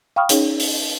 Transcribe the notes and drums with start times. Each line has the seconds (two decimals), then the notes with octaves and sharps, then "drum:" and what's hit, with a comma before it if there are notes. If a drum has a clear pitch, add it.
0.16 F5 G5 B5 C#6 D#6 F6
0.29 C#4 D#4 G#4 C#5, drum: hi-hat
0.60 drum: open hi-hat